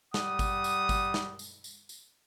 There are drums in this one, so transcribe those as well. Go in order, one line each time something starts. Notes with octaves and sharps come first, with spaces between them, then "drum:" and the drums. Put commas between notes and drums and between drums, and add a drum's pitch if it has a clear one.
G3 F#5 D#6, drum: snare
drum: kick G#1, tambourine
drum: tambourine
drum: kick G#1, tambourine
drum: snare
drum: tambourine
drum: tambourine
drum: tambourine